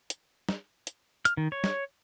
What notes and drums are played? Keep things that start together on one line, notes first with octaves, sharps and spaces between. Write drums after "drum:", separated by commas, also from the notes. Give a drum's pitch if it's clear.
drum: hi-hat
drum: snare
drum: hi-hat
F6, drum: hi-hat
D#3
C#5
drum: snare